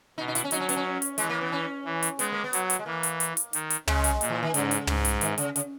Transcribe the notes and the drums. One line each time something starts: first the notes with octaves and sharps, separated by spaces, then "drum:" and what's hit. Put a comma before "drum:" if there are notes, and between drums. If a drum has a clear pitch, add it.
B2 D#4
D#4
E4, drum: hi-hat
C#4
F#3 D#4, drum: hi-hat
C#4
B3, drum: hi-hat
C#4
drum: hi-hat
E3 G#3, drum: hi-hat
A#3
B3
C#4
E3
drum: hi-hat
G#3 B3, drum: hi-hat
A#3
B3
F#3, drum: hi-hat
drum: hi-hat
G#3
E3 A#3
drum: hi-hat
drum: hi-hat
drum: hi-hat
D#3, drum: hi-hat
drum: hi-hat
C#3 G#3, drum: tom
drum: hi-hat
A#2, drum: hi-hat
E3
D#3
G#2 C#3, drum: hi-hat
drum: hi-hat
G#2, drum: tom
drum: hi-hat
D#3, drum: hi-hat
C#3, drum: hi-hat
C#3, drum: hi-hat